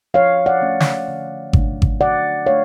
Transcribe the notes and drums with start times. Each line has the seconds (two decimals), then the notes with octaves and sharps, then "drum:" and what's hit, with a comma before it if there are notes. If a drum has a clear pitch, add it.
0.14 F3 C#5 F5
0.46 D5 F#5
0.62 A3 C#4
0.80 drum: snare
1.08 D3
1.53 F#3 A3 D4, drum: kick G#1
1.82 drum: kick G#1
2.01 D3 D5 F#5
2.46 A3 D4 C#5 F5